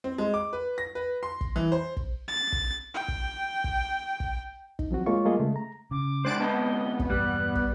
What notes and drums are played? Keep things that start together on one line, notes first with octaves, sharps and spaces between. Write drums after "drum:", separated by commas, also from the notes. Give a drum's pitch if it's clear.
C4
G#3
D6
B4
A#6
B4
C6
drum: kick
E3
C5
drum: kick
A6
drum: kick
G5
drum: kick
drum: kick
drum: kick
D#4, drum: kick
F3 F#3 C4 F#4
G#3 A#3 F4 C#5 C#6
G3 A3 A#3 F4 G#4 D#5
C#3 G#3 A3
A#5
C#3 D6
E2 G#3 D4 C5 F#6 A6 D7
D2 C3 B3 D#5 A5
drum: kick
E1 G2 G3 A#3 F#6
drum: kick